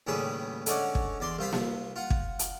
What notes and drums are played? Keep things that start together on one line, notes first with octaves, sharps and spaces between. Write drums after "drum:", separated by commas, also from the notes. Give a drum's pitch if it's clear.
D#2 A2 C#3 G3 G#4 B4
D3 G#3 C#4 C#5 D5 F#5, drum: hi-hat
drum: kick
E2 D5 C6
C2 F4 C5 B5
drum: snare A#3
F4 F#5
drum: kick
drum: hi-hat